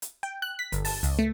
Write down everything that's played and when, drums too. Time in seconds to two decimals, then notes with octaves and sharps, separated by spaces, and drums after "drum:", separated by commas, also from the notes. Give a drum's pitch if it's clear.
0.02 drum: hi-hat
0.23 G5
0.42 F#6
0.59 B6
0.72 G1, drum: hi-hat
0.85 A5, drum: open hi-hat
1.03 C#2, drum: hi-hat
1.19 A3